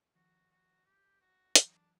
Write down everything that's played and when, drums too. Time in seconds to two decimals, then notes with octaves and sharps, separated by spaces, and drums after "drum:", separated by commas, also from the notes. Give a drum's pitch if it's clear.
0.15 D#3 F3 F#4
0.50 F#4
0.85 G4
1.21 F#4
1.55 E3 F#3 D#4, drum: hi-hat
1.74 D4